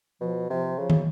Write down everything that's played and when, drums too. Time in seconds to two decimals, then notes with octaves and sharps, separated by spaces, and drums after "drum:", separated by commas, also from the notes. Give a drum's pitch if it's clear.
0.21 B2 F3
0.50 C3 F3
0.79 C#3 F3
0.90 F#3, drum: tom